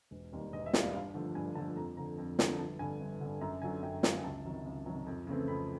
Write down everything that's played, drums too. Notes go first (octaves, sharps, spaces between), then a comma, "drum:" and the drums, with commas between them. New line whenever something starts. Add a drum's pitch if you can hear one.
E1
D#2 D#3 G3
E1 D#5
E5
D#2 D#3 G3, drum: snare
F5
G2 F5
D3 F3 A3
G2 G#5
D3 F3 A3 A5
F2 A#5
D3 F3 A#5
F2
D3 F3, drum: snare
G1 A5
G2 D3 G#5
G1
G2 D3
F#2 A#5
D3 F#3 G#5
F#2 G5
D3 F#3 F5, drum: snare
G#5
C#2 A5
C3 D#3 F#3
C#2
C3 D#3 F#3
F2
C#3 E3 A3 C4
F2 B5